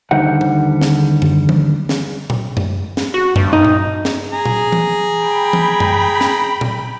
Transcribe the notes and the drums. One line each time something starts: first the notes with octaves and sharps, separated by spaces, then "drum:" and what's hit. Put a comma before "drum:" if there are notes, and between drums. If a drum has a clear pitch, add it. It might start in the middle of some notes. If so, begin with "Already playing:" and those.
D#2 D3 G3 D#4 C5 F#5
drum: tom D3
drum: snare
drum: tom F#2
drum: tom E3
drum: snare
drum: tom A#2
drum: tom F#2
drum: snare
F#4
G2, drum: tom F#2
D#4
drum: tom A#2
drum: snare
G#4 A#5
drum: tom A#2
drum: tom E3
G5 B5
drum: tom E3
drum: tom F#2
drum: snare
drum: tom A#2